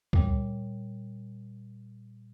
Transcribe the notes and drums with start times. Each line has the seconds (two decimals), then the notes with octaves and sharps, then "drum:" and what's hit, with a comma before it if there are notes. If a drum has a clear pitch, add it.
0.13 A#2 G3 C#5, drum: kick C#2